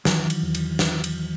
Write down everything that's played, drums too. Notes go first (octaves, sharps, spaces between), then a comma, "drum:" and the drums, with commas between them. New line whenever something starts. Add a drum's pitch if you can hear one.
D#3 E3 F#3, drum: snare
drum: cymbal
E2
drum: cymbal
drum: snare
drum: cymbal